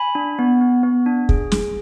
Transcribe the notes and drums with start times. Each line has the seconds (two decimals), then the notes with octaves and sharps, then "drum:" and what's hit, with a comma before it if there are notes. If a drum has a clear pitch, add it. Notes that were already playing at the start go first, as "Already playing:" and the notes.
Already playing: G#5 B5
0.15 D4
0.39 B3
0.61 B3
0.83 B3
1.06 D4
1.29 G#4, drum: kick
1.52 G#4, drum: snare